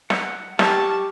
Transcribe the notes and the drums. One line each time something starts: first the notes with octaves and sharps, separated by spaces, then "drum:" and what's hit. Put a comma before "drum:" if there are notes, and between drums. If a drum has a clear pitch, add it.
F#5, drum: snare
G4 A5 C#6 F6, drum: snare